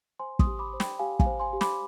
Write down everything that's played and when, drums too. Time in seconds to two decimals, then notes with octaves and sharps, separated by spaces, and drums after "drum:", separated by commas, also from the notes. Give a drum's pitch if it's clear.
0.19 C5 G#5 C6
0.39 C6 D#6, drum: kick
0.47 G4
0.59 B5 D6
0.73 C5
0.80 G5 B5, drum: snare
0.99 G4 F5 G#5
1.19 F5 G#5, drum: kick
1.26 C5
1.40 G#5 C6
1.53 G4
1.61 B5 D6, drum: snare